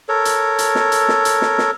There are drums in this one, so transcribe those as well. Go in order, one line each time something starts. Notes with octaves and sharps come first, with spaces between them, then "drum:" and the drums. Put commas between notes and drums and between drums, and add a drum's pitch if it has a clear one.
A4 A#4 C#5
drum: hi-hat
drum: hi-hat
drum: snare
drum: hi-hat
drum: snare
drum: hi-hat
drum: snare
drum: snare